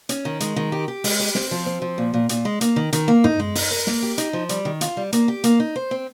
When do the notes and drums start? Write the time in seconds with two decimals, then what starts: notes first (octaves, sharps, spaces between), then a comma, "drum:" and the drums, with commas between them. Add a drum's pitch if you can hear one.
0.09 C#4, drum: hi-hat
0.25 D#3
0.40 G#3, drum: hi-hat
0.56 D#3
0.72 G4
0.88 G4
1.04 G#3, drum: open hi-hat
1.20 G4
1.35 C4, drum: snare
1.51 F3
1.66 C4
1.82 F3
1.98 A#2
2.14 A#2
2.29 A#2, drum: hi-hat
2.45 G#3
2.61 A#3, drum: hi-hat
2.76 D#3
2.93 D#3, drum: hi-hat
3.08 A#3
3.24 D#4, drum: tom
3.40 G#3
3.55 D#4, drum: open hi-hat
3.71 A#4
3.87 A#3, drum: snare
4.03 G4
4.18 D#4, drum: hi-hat
4.33 F3
4.49 G3, drum: hi-hat
4.65 D#3
4.81 F4, drum: hi-hat
4.97 G3
5.13 A#3, drum: hi-hat
5.28 G4
5.44 A#3, drum: hi-hat
5.60 D#4
5.76 C5
5.91 C4